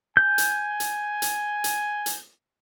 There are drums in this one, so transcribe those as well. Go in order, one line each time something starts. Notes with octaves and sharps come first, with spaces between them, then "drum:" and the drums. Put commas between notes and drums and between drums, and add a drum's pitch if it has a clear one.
G#5 G6
drum: hi-hat
drum: hi-hat
drum: hi-hat
drum: hi-hat
drum: hi-hat